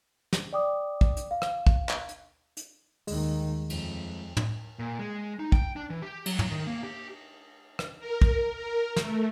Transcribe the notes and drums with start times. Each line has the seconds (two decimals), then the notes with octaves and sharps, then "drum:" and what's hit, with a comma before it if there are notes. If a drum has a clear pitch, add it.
0.33 drum: snare
0.53 D5 G5 D6 D#6
1.01 drum: kick
1.17 drum: hi-hat
1.31 F5
1.42 drum: rim click
1.67 drum: kick
1.89 drum: clap
2.09 drum: hi-hat
2.57 drum: hi-hat
3.07 D#2 D#3 G#3, drum: open hi-hat
3.70 F2, drum: cymbal
4.37 drum: tom
4.79 A#2
4.99 G#3
5.39 D#4
5.52 G5, drum: kick
5.76 D4
5.90 E3
6.02 G4
6.26 F#3, drum: cymbal
6.39 drum: tom
6.51 D#3
6.67 A#3
6.84 G4
7.79 drum: rim click
7.99 A#4
8.22 drum: kick
8.56 A#4
8.96 A3, drum: snare